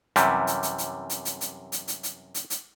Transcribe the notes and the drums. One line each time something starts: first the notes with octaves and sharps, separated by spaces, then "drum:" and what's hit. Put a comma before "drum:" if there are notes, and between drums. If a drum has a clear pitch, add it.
F#2 C3 E3 G3, drum: hi-hat
drum: hi-hat
drum: hi-hat
drum: hi-hat
drum: hi-hat
drum: hi-hat
drum: hi-hat
drum: hi-hat
drum: hi-hat
drum: hi-hat
drum: hi-hat
drum: hi-hat